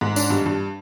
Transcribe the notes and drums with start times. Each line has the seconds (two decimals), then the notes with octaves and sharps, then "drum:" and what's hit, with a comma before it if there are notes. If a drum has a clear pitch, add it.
0.01 G#2
0.16 D4, drum: tambourine
0.30 G2
0.46 G2